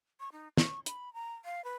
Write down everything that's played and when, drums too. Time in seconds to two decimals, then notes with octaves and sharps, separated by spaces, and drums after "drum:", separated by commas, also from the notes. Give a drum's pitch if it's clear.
0.20 C#6
0.32 D#4
0.57 C#6, drum: snare
0.86 B5, drum: hi-hat
1.14 A#5
1.45 F5
1.64 B4